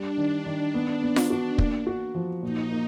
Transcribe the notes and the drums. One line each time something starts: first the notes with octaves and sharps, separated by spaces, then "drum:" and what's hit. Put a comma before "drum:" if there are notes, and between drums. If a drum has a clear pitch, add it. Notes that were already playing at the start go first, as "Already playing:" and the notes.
Already playing: G3 D4
D#3
D#3
B3
B3
drum: snare F4
F#4
A#3, drum: kick
F#4
F3
A#2 D#4
A#3